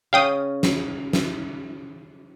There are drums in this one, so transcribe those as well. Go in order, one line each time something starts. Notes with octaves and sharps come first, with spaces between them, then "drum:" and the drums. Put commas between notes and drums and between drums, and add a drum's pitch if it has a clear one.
C#3 C#4 F5 G5 D#6
drum: snare
drum: snare